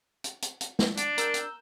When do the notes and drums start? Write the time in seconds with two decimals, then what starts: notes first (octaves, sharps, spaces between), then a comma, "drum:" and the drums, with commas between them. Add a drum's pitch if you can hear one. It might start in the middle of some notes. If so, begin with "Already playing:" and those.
0.24 drum: hi-hat
0.42 drum: hi-hat
0.61 drum: hi-hat
0.79 drum: snare
0.97 D4, drum: hi-hat
1.18 A#4 E6 G6, drum: hi-hat
1.34 drum: hi-hat